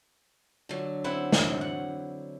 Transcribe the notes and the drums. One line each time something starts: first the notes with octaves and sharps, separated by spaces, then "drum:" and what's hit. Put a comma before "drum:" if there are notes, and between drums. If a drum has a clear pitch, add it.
D3 F#3
C4 E4 F#5
drum: snare
F#5